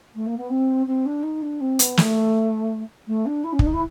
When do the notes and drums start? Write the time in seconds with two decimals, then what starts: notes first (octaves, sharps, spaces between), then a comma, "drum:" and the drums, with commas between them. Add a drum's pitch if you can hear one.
0.15 A3
0.26 A#3
0.37 B3
0.49 C4
0.86 C4
1.05 D4
1.23 D#4
1.42 D4
1.60 C4
1.79 B3, drum: hi-hat
1.97 A3, drum: snare
3.07 A3
3.25 D4
3.44 E4
3.52 C#4
3.59 D4, drum: kick
3.66 D#4
3.73 E4